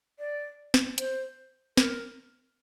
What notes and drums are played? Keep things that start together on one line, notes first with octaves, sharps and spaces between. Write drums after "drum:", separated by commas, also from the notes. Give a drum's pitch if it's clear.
D5
drum: snare
C5, drum: hi-hat
A#4, drum: snare